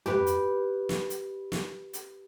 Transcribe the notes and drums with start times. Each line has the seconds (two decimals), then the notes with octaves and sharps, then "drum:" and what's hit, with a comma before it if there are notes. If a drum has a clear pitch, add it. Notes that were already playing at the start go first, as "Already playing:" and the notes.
0.06 G4 B4, drum: tom
0.27 drum: hi-hat
0.89 drum: snare
1.10 drum: hi-hat
1.52 drum: snare
1.93 drum: hi-hat